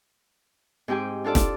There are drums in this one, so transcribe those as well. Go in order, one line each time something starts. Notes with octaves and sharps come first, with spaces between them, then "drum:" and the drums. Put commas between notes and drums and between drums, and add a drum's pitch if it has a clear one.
G#2 C4 G4 G5 G#5
D4 F4 A4 D5
drum: snare